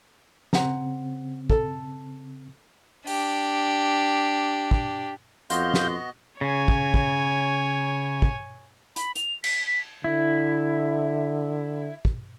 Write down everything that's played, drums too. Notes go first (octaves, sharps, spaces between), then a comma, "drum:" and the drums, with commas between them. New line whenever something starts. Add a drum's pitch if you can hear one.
C#3 C4 C5 F#5 A#5, drum: snare
A4, drum: kick
D4 G4, drum: open hi-hat
drum: kick
F2 B3 F#4 D#5 F5 C6 G6, drum: hi-hat
drum: snare
C#3 C#5 G#5
drum: kick
drum: kick
drum: kick
B5, drum: hi-hat
F7, drum: hi-hat
B6, drum: cymbal
B6
D3 E4
drum: kick